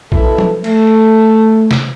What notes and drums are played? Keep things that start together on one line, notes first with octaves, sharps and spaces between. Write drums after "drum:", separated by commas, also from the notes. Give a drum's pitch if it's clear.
B2 E4 A4, drum: kick A#1
drum: tom F3
A3, drum: cymbal
drum: snare